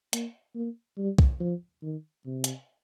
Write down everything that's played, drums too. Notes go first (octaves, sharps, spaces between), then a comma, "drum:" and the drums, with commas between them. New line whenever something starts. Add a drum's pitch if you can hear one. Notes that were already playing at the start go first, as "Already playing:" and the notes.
A#3, drum: hi-hat
A#3
G3
drum: kick
F3
D#3
C3
drum: hi-hat